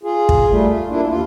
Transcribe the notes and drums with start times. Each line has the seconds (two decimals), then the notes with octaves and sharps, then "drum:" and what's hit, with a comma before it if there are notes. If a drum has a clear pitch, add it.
0.03 F4 G#4
0.29 drum: kick
0.50 G3 A3
0.69 F4
0.89 A#3 D4 E4 F4
1.09 D#2 F4